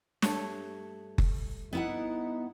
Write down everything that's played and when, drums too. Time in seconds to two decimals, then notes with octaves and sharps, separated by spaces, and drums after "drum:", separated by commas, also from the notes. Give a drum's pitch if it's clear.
0.22 G2 A3 C#5, drum: snare
1.18 drum: kick F#1
1.73 B3 D#4 E4 F#5